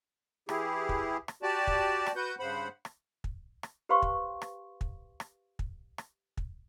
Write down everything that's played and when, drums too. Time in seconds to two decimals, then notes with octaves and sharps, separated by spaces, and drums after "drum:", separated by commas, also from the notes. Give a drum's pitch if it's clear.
0.49 E3 E4 G4 G#4, drum: rim click
0.89 drum: kick
1.28 drum: rim click
1.42 F#4 G4 D5 A5
1.67 drum: kick
2.07 drum: rim click
2.16 F#4 B4 F#5 G6
2.39 G2 C#3 C5 F#5 B5
2.85 drum: rim click
3.24 drum: kick
3.63 drum: rim click
3.89 G4 B4 C5 F5 C6 C#6
4.02 drum: kick
4.42 drum: rim click
4.81 drum: kick
5.20 drum: rim click
5.59 drum: kick
5.98 drum: rim click
6.37 drum: kick